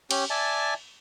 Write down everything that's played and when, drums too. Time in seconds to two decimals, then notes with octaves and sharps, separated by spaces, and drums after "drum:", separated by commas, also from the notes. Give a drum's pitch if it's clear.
0.11 C#4 G4, drum: cymbal
0.30 D5 E5 G#5 A5